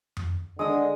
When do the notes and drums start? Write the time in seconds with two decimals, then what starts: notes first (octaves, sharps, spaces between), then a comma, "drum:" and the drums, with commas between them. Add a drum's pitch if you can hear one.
0.17 drum: tom F2
0.59 D3 G#3 D#5 D#6